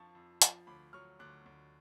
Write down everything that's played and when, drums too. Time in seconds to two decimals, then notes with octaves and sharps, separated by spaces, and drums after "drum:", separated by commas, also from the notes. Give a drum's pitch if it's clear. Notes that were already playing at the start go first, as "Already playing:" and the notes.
Already playing: F2 F3 A5 C#6
0.15 F2
0.42 F3, drum: hi-hat
0.67 D2 B5 D6
0.93 F#3 C#6 F6
1.19 D2 D6 F#6
1.46 D2